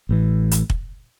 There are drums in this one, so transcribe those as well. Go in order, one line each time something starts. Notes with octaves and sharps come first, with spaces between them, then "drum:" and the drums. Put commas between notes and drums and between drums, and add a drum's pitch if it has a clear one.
A1 A2 E3
drum: hi-hat
drum: kick